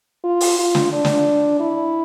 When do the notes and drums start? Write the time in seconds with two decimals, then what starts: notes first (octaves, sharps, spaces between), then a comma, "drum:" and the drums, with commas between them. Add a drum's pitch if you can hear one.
0.24 F4
0.41 drum: open hi-hat
0.59 F4
0.75 drum: snare
0.93 D4
1.05 drum: snare
1.60 E4